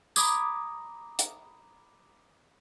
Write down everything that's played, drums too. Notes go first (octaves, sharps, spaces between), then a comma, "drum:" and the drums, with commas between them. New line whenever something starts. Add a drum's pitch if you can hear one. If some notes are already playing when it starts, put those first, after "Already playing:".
A#5 B5 D6 D#6 G#6, drum: tambourine
drum: hi-hat